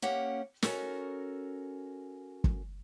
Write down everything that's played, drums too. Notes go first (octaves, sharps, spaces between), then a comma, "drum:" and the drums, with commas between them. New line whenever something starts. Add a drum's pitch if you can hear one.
A#3 C#4 G4 F#5
C#4 F#4 A4 A#4, drum: snare
drum: kick